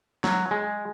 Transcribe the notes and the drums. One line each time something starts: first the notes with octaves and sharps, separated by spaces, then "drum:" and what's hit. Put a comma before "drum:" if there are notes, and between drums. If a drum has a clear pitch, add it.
F#3, drum: snare
G#3